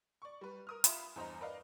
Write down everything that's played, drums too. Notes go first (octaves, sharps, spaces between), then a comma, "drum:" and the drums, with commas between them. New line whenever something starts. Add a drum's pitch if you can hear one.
D5 C#6
G3 B4
A#4 D#6 F6
F4 E5 B5 C6 E7, drum: hi-hat
E2 G2 C5 D#5 A#5
A#4 B4 D5 D#5 F5